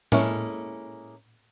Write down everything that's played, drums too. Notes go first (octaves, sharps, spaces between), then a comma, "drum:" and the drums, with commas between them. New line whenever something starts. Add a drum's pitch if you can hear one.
G#3 A#3 C#4 E4 A4, drum: tom A2